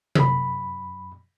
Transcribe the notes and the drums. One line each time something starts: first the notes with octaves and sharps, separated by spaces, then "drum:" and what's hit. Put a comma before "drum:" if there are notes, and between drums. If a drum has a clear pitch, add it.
F#2 B5, drum: tom C3